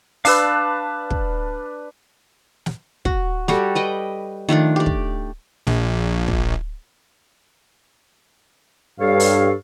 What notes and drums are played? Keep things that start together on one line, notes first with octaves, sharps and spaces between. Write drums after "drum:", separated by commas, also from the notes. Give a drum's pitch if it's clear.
D4 B4 F5 A5 E6, drum: open hi-hat
drum: kick
drum: snare
F#4, drum: kick
G3 F#4 G4 A4, drum: snare
B4 D#5 G5
D#3 F3 A3 D4
G4 D5
drum: kick
A#1, drum: snare
drum: kick
G2 A4 C#5 F5
drum: open hi-hat